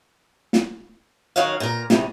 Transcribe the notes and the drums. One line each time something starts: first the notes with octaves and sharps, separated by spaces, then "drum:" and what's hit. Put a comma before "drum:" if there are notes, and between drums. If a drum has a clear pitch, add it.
drum: snare
F#2 D#3 F#4 C#5 F5
A#2 A#4
E2 G2 C3, drum: snare